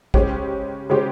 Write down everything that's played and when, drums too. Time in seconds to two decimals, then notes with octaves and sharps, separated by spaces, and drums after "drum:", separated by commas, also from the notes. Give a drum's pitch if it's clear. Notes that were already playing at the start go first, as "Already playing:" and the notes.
0.14 C#3 G#3 C#4 G4 C5, drum: kick
0.90 C#3 G#3 C#4 G4 C5